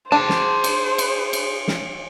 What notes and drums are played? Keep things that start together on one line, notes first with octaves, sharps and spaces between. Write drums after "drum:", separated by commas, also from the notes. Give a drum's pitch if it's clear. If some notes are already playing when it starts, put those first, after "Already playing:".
D4 G#4 C5 G5 A5
drum: snare
drum: cymbal
drum: cymbal
drum: cymbal
drum: snare